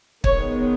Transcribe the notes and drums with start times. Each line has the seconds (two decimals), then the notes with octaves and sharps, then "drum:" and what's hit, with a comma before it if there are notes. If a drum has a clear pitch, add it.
0.24 D#3 G#3 B3 C#5, drum: kick